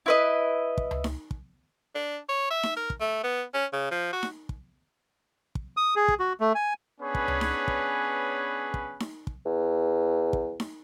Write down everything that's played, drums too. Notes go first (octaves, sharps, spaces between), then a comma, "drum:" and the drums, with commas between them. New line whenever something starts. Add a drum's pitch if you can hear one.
E4 B4 D#5
drum: kick
drum: tom C#2
drum: snare D#4
drum: kick
D4
C#5
E5
drum: snare D#4
A#4
drum: kick
A3
B3
C#4
C#3
F3
F#4
drum: snare D#4
drum: kick
drum: kick
D#6
G#4
drum: kick
F#4
A3
G#5
B3 C#4 D4 G#4 B4 C#5
drum: kick
drum: tom C#2
drum: snare D#4
drum: kick
drum: kick
drum: snare D#4
drum: kick
E2
drum: kick
drum: snare D#4